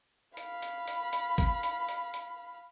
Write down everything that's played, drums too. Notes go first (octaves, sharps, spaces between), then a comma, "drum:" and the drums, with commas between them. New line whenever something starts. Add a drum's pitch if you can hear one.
F5 B5, drum: hi-hat
drum: hi-hat
drum: hi-hat
drum: hi-hat
drum: kick G#1, hi-hat
drum: hi-hat
drum: hi-hat
drum: hi-hat